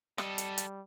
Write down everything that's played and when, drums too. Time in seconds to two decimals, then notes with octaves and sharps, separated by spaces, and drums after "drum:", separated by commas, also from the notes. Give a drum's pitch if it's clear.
0.18 G3 A4 D#5, drum: rim click
0.38 drum: hi-hat
0.58 drum: hi-hat